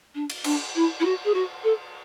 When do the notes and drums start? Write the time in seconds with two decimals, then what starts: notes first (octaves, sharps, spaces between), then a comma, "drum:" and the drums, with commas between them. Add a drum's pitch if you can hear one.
0.14 D4
0.30 drum: cymbal
0.44 D4, drum: cymbal
0.75 E4
1.00 E4
1.04 F#4
1.24 G#4
1.33 F#4
1.63 A4